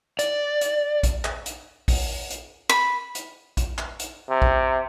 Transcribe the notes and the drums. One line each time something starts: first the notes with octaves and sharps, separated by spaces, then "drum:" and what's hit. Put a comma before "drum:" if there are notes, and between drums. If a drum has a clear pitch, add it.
D5, drum: hi-hat
drum: hi-hat
drum: kick A#1, hi-hat
drum: clap
drum: hi-hat
drum: kick A#1, open hi-hat
drum: hi-hat
B5
drum: hi-hat
drum: kick A#1, hi-hat
drum: clap
drum: hi-hat
C3
drum: kick A#1